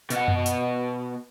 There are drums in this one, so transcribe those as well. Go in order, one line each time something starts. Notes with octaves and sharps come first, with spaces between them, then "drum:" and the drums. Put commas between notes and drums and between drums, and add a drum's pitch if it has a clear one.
B2 F#5, drum: hi-hat
drum: tom F#2
drum: hi-hat